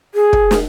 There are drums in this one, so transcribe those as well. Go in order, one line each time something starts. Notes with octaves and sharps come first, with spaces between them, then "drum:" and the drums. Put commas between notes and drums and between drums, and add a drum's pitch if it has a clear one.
G#4
drum: kick
drum: snare